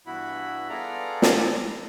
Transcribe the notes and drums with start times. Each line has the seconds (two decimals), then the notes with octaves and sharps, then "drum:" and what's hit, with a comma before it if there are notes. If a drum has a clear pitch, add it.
0.07 G2 E3 B3 E4 F#4 B5
0.69 B3 F4 G#4 A4 D5 A#5
1.22 drum: snare